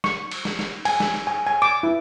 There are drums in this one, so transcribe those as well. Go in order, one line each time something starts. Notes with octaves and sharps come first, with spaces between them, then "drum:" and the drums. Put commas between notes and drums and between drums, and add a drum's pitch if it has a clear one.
C#6, drum: snare
drum: cymbal
drum: snare
drum: snare
G#5, drum: cymbal
drum: snare
drum: snare
G#5
G#5
D6
E4